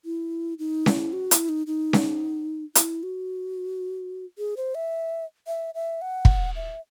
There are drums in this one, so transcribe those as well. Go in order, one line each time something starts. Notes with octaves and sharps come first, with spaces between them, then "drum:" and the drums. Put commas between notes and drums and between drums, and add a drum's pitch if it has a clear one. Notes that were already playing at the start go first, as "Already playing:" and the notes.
E4
D#4
E4, drum: snare C#4
F#4
E4, drum: hi-hat
D#4
D#4
drum: snare C#4
E4, drum: hi-hat
F#4
G#4
C5
E5
E5
E5
F#5
drum: kick
E5